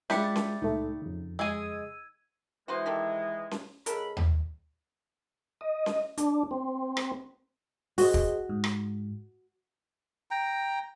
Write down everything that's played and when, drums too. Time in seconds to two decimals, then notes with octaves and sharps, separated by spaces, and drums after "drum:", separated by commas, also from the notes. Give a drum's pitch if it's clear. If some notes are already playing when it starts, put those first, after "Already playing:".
0.10 G#3 D4 E4 F4 G4 G6 B6 C#7, drum: snare C#4
0.24 A6
0.36 drum: snare C#4
0.62 C#2 A#2 A3 D#4
1.02 F2 C#3
1.39 G#3 G#4 E6 G#6 D#7
2.68 E3 G#3 F#4 B4 C5
2.86 D#3 G4 A4
3.51 drum: snare C#4
3.86 C#2 A4 A#4 B5, drum: hi-hat
4.17 drum: tom D#2
5.61 D#5
5.86 drum: snare C#4
6.18 D4, drum: hi-hat
6.51 C4
6.97 drum: rim click
7.98 F#4 G#4 C5 D#5, drum: open hi-hat
8.14 drum: kick
8.49 G#2
8.64 drum: rim click
10.31 G5 A#5